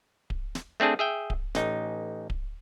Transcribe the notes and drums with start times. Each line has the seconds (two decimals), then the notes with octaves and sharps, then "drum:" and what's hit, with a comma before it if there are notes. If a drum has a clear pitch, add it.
0.30 drum: kick D1
0.55 drum: snare
0.80 A3 C4 D4 G#4 A5
0.99 G#4 E5 G5
1.30 drum: kick D1
1.55 A1 D#4, drum: snare
2.30 drum: kick D1